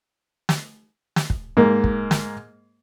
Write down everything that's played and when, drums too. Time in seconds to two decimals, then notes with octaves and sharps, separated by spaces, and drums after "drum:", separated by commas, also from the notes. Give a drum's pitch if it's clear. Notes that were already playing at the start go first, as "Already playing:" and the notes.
0.49 drum: snare
1.16 drum: snare
1.30 drum: kick
1.57 G#2 A#3
1.84 drum: kick
2.11 drum: snare